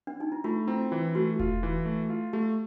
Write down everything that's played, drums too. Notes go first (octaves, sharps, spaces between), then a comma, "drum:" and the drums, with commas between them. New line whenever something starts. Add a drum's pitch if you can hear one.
D4
D#4
E4
A3 F4
C4 E4
E3 F4
A3 F#4
F4, drum: kick E1
E3
A3
F4
A3 G4